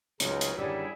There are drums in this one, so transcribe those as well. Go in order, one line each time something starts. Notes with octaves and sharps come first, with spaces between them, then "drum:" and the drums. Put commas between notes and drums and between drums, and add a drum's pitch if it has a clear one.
C#2 C#3 F#3 C4 D#4, drum: hi-hat
drum: hi-hat
F#2 D3 D#3 G3 E4 G#4 E5